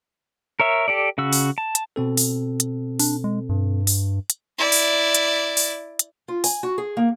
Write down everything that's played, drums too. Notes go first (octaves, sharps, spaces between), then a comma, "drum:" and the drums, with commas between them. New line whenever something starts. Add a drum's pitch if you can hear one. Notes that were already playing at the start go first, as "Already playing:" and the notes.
A#4 C#5 E5
G4 A4 D5
C#3 F#4 E6
drum: open hi-hat
A5
drum: hi-hat
B2 C4 A4
drum: open hi-hat
drum: hi-hat
D4, drum: open hi-hat
G#3
G2
drum: open hi-hat
drum: hi-hat
E4 D5
drum: open hi-hat
drum: hi-hat
drum: open hi-hat
drum: hi-hat
F4
G#5, drum: open hi-hat
F#4
G#4
A#3